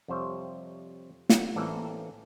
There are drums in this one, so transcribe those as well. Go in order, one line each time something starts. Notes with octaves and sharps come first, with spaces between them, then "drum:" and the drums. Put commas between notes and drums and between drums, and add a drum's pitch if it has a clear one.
F2 C3 G3 C5 C#5 E5
drum: snare
A1 E3 A#3 C4 A4 D5